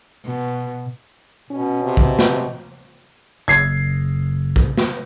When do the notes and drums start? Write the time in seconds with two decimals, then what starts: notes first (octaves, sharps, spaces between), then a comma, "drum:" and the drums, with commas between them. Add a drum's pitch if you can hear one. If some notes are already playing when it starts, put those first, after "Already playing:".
0.25 B2
1.50 B2 C#4
1.84 C3
1.97 drum: kick
2.19 drum: snare
3.48 F#1 G#6 C7
4.56 drum: kick
4.78 drum: snare